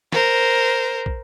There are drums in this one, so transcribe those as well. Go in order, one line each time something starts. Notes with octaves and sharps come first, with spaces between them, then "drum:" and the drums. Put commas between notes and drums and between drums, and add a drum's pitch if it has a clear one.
A#4 C5, drum: snare
drum: kick